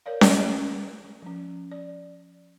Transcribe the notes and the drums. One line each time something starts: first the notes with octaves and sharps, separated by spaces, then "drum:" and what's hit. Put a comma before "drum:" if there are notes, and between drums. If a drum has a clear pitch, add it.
A#4 C#5 D5 F5
D#5 G5, drum: snare C#4
F3 C#4
D5